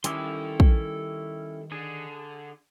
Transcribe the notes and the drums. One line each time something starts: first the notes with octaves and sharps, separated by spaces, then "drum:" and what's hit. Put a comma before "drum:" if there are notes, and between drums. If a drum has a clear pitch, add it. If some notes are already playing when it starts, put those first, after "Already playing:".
D#3 G3 C#4 E4 G4 A4 C6, drum: hi-hat
drum: kick
D3 G#4